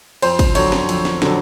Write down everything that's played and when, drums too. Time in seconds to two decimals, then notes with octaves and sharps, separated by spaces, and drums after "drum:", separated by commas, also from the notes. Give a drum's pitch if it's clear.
0.22 F2 C5, drum: cymbal
0.39 drum: kick, cymbal
0.55 D3 F#3 C#5, drum: cymbal
0.72 drum: snare
0.89 F2, drum: cymbal
1.05 drum: snare
1.22 D3 F#3, drum: snare